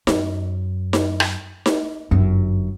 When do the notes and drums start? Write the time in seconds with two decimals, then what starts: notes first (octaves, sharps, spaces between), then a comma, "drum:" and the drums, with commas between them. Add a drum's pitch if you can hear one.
0.07 F#2, drum: snare D#4
0.93 drum: snare D#4
1.20 drum: rim click
1.66 drum: snare D#4
2.11 G1 F#2